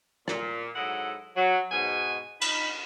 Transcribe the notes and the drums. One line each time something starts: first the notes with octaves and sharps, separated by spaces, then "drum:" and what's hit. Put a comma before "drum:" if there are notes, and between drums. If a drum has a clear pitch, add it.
A#2, drum: rim click
G#2 F#3 E4 A4 D#5 F#5
F#3
G#2 B2 G#5
D#4 B5, drum: cymbal